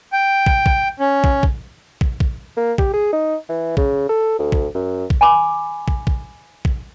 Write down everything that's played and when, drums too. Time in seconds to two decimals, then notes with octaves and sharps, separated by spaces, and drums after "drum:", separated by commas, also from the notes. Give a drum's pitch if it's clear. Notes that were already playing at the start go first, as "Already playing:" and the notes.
0.13 G5
0.46 drum: kick
0.66 drum: kick
1.00 C#4
1.24 drum: kick
1.43 drum: kick
2.01 drum: kick
2.20 drum: kick
2.57 A#3
2.78 G4, drum: kick
2.93 G#4
3.13 D#4
3.49 E3
3.77 C#3, drum: kick
4.09 A4
4.39 D2
4.52 drum: kick
4.75 F#2
5.10 drum: kick
5.21 G#5 B5 D6
5.88 drum: kick
6.07 drum: kick
6.65 drum: kick